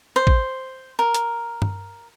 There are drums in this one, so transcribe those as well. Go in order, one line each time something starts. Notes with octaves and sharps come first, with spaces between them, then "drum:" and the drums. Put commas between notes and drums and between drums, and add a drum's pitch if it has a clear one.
C5
drum: kick
A#4
drum: hi-hat
drum: tom G2